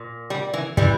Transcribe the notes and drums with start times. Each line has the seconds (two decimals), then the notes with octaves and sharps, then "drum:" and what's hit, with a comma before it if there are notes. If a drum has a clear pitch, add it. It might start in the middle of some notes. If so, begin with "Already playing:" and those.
Already playing: A#2
0.30 G3
0.54 E3
0.77 E3 G3, drum: kick